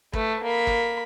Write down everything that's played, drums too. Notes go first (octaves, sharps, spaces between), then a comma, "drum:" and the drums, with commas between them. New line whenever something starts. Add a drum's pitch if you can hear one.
A3 B4, drum: kick
A#3 B5
drum: kick